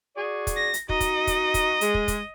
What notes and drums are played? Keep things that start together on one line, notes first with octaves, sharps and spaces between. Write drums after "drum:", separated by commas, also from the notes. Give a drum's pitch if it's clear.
F#4 G#4 D5
drum: kick, hi-hat
A#6
drum: hi-hat
D#4 F#4 D#5, drum: kick
drum: kick, hi-hat
drum: kick, hi-hat
drum: kick, hi-hat
G#3, drum: hi-hat
drum: kick
drum: kick, hi-hat